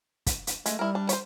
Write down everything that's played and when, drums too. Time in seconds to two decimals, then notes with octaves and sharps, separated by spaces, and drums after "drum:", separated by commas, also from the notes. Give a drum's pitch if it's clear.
0.26 drum: kick, hi-hat
0.47 drum: hi-hat
0.66 G#3 A3, drum: hi-hat
0.79 G3 E4 A#4
0.95 D4
1.09 C5 C#5, drum: hi-hat